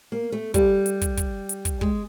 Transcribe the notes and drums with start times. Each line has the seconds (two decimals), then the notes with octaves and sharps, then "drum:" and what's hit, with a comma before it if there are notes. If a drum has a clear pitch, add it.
0.12 A#3
0.32 A3
0.54 G3, drum: kick, hi-hat
0.86 drum: hi-hat
1.02 drum: kick, hi-hat
1.17 drum: kick, hi-hat
1.49 drum: hi-hat
1.65 drum: kick, hi-hat
1.81 G#3, drum: kick